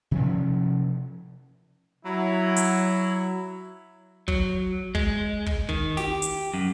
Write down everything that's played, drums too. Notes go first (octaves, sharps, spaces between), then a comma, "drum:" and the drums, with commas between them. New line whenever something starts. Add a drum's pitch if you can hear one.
C3 F3 C#4
F#3 E4
drum: hi-hat
F#3, drum: kick
G#3, drum: kick
drum: kick
D#3, drum: kick
G4, drum: snare
drum: hi-hat
F#2